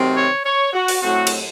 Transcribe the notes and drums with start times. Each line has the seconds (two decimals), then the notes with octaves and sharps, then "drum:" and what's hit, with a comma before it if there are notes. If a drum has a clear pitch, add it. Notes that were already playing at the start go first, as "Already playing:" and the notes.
Already playing: C3 D#3 F#3 A3 C4
0.16 C#5
0.45 C#5
0.73 F#4
0.88 drum: open hi-hat
1.02 A2 F#3 A3 C4 F#4
1.27 drum: cymbal